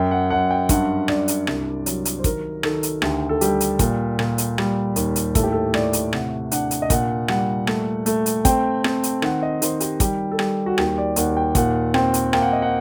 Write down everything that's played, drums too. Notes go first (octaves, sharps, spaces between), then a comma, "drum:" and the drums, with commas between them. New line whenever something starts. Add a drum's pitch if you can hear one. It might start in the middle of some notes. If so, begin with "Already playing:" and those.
Already playing: F#2 G5
F#5
F#2 F#5
G5
G2 F#5, drum: kick, hi-hat
G2 D5, drum: rim click
drum: hi-hat
C2, drum: rim click
F#3, drum: hi-hat
drum: hi-hat
C5
D#3 A#4, drum: kick, hi-hat
D#3 A4, drum: rim click
drum: hi-hat
D2 G4, drum: rim click
A4
G3 G4, drum: hi-hat
drum: hi-hat
A#2, drum: kick, hi-hat
A#2, drum: rim click
drum: hi-hat
G3, drum: rim click
D#2, drum: hi-hat
drum: hi-hat
A2 A4, drum: kick, hi-hat
G4
A4
A2 D5, drum: rim click
drum: hi-hat
C3 F#5, drum: rim click
D4 F#5, drum: hi-hat
drum: hi-hat
D#5
A#2 F#5, drum: kick, hi-hat
G3 F#5, drum: rim click
A3, drum: rim click
A3, drum: hi-hat
drum: hi-hat
C4 G5, drum: kick, hi-hat
C4, drum: rim click
drum: hi-hat
D#3 F#5, drum: rim click
D#5
D#3 C5, drum: hi-hat
G4, drum: hi-hat
G3 G4, drum: kick, hi-hat
A4
G3 G4, drum: rim click
F#4
D#2 G4, drum: rim click
D5
D#2 F#5, drum: hi-hat
G5
A#2 F#5, drum: kick, hi-hat
C4 G5, drum: rim click
drum: hi-hat
A#3 G5, drum: rim click
F#5
D#5
F#5